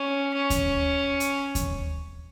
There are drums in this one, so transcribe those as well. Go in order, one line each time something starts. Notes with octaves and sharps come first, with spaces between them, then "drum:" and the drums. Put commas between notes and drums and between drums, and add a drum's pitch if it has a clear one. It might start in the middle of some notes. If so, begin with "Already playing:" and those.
Already playing: C#4
C#4
drum: kick D#2, hi-hat
drum: hi-hat
drum: kick D#2, hi-hat